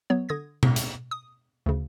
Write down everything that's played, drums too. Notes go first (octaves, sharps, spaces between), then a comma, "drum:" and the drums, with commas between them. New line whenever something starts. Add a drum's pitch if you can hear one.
F#3 B3 C#5
D3 D#6 G#6 A#6
drum: tom B2
drum: hi-hat
D#6
D2 C#3